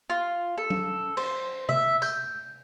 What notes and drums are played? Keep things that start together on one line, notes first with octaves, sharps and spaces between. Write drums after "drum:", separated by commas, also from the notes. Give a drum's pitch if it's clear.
F4
A4
drum: tom F#3
C5, drum: cymbal
E5, drum: tom C3
G6, drum: tambourine